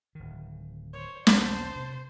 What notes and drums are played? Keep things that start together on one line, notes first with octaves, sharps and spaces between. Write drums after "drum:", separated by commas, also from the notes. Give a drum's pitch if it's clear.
D1 D#3
C5 C#5
E1 B1 C4 C5 A5, drum: snare
C3